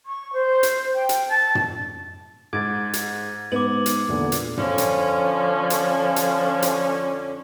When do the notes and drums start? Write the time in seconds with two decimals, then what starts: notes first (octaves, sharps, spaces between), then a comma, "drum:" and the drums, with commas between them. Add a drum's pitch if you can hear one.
0.06 C#6
0.33 C5
0.63 drum: hi-hat
0.95 G5
1.09 drum: hi-hat
1.29 A5
1.55 drum: tom
2.53 G#2 D6 G#6 A6
2.93 drum: hi-hat
3.52 G#2 B3 D6 F#7
3.86 drum: hi-hat
4.09 E2 A#2 D3
4.32 drum: hi-hat
4.57 F2 D3 F3 C#4, drum: tom
4.78 drum: hi-hat
5.70 drum: hi-hat
6.16 drum: hi-hat
6.62 drum: hi-hat